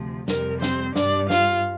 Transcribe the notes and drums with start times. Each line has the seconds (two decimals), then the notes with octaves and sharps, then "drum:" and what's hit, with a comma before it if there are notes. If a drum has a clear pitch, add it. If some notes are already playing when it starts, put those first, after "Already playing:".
Already playing: D2 C3 F3
0.28 F2 C3 G3 A#4, drum: snare
0.62 C4 C5, drum: snare
0.96 G2 G3 D4 D5, drum: snare
1.30 F4 F5, drum: snare